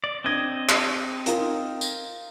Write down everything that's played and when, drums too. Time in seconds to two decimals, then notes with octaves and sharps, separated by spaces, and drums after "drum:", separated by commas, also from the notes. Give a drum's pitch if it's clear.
0.04 D5
0.24 C4 D4 D#5 G#6
0.69 drum: clap
1.26 D#4 F4 A#4, drum: hi-hat
1.81 drum: tambourine